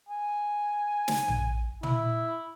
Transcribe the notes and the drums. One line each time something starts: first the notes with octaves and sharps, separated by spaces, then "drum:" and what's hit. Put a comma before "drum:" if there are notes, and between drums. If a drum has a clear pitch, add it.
G#5
drum: snare
drum: tom A#1
E4, drum: tom